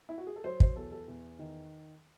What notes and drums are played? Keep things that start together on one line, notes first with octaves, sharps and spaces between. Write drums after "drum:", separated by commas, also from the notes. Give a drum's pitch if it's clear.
E4
F#4
G#4
A4
F#3 C5
C5, drum: kick
E2 A4
A4
E2
D#3